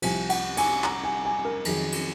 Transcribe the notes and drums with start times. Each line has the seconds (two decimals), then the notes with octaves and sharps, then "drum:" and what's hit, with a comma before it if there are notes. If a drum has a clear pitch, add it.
0.02 C2 C3 F3 G#5, drum: cymbal
0.29 F#5, drum: cymbal
0.57 G#5, drum: cymbal
0.84 A#5, drum: clap
1.04 G#5
1.25 G#5
1.45 A#4
1.65 F2 D#3 F#3 G#4, drum: cymbal
1.92 drum: cymbal